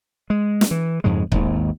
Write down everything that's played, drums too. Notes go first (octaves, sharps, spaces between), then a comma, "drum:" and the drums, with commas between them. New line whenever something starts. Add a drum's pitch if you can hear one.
G#3
drum: snare
E3
F2 G#2 C#3 G#3
G#1 D#2, drum: kick C#1